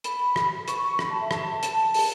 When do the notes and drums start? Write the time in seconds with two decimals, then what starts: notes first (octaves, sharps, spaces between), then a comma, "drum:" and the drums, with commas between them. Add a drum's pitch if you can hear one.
0.04 B5, drum: hi-hat
0.36 drum: rim click
0.68 C#6, drum: hi-hat
0.83 C#6
0.99 B5, drum: rim click
1.10 A5
1.21 E5
1.31 A5, drum: rim click
1.63 drum: hi-hat
1.94 drum: open hi-hat